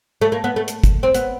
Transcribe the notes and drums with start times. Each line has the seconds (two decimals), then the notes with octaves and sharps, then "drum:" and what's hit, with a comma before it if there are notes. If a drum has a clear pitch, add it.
0.21 A3
0.32 A#3
0.44 B3
0.56 A3
0.68 drum: hi-hat
0.84 drum: kick, hi-hat
1.03 C4
1.14 B3, drum: hi-hat